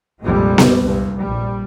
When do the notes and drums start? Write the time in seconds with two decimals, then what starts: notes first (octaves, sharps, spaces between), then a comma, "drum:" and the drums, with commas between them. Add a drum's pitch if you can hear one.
0.22 A#1 F2 C3 G3 G#3
0.58 drum: snare B3
0.84 C2 G2
1.20 A#1 G3